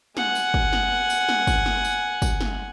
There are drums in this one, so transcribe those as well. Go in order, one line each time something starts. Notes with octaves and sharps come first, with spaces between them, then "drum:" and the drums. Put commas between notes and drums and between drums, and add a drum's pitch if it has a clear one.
F#5 G#5, drum: snare
drum: tambourine
drum: kick
drum: snare
drum: tambourine
drum: snare
drum: kick, tambourine
drum: snare
drum: tambourine
drum: kick, tambourine
drum: snare